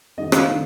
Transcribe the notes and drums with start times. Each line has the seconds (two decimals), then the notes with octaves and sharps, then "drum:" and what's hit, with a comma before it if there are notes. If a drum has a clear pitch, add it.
0.17 F2 D#3 G3 D#5
0.32 F5, drum: rim click
0.47 C3 D#3 A3 D4